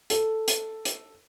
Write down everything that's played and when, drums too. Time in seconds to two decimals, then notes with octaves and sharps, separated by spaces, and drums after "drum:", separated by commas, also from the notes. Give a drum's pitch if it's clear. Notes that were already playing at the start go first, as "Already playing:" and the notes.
0.10 A4, drum: hi-hat
0.48 drum: hi-hat
0.85 drum: hi-hat